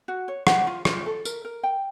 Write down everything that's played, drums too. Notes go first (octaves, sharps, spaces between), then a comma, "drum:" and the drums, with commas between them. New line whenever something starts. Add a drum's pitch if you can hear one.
F#4
C#5
F#5, drum: rim click
F4
F4, drum: rim click
A4
A#4, drum: tambourine
A#4
G5